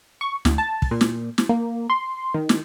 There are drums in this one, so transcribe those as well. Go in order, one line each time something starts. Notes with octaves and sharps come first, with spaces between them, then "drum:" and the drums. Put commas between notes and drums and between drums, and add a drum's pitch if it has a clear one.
C#6
D2, drum: snare
A5
drum: kick
A#2
drum: snare
drum: snare
A#3
C6
D#3
drum: snare